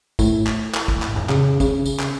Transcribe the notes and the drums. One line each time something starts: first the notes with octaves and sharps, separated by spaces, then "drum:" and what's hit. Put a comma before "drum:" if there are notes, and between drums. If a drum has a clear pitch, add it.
A2, drum: kick, tambourine
drum: clap
drum: clap
drum: kick
drum: clap
drum: tom F2
C#3, drum: clap
C#3, drum: kick, tambourine
drum: tambourine
drum: clap